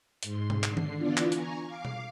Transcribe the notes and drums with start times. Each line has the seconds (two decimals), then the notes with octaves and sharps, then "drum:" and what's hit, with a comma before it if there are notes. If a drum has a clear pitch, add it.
0.23 G#2 C6, drum: hi-hat
0.50 drum: tom B2
0.63 D3 C7, drum: clap
0.77 drum: tom D#3
0.96 E3 B3 D4 F4 D5
1.17 drum: clap
1.32 G#5 A#5 C#6, drum: hi-hat
1.64 F5 D6 C7
1.85 drum: tom B2